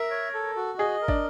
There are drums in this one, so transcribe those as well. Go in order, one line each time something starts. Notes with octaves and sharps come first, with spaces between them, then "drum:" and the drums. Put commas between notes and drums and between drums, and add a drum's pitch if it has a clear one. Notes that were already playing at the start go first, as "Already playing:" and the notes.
Already playing: A#4 E5
C#5
A4
F#4
G#4 D#5
A#4
D4, drum: kick